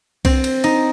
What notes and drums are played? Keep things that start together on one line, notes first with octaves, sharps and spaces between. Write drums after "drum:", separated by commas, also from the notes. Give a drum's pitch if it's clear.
C4, drum: kick C2, cymbal
drum: cymbal
D#4, drum: cymbal